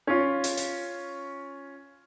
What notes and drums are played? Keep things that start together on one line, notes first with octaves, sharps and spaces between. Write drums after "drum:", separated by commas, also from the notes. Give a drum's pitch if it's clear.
C#4 F4
drum: hi-hat
drum: hi-hat